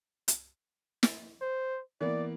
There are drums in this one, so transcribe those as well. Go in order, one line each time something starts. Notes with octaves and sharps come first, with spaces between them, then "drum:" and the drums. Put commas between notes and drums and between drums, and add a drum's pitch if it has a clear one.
drum: hi-hat
drum: snare
C5
E3 A#3 B3 D5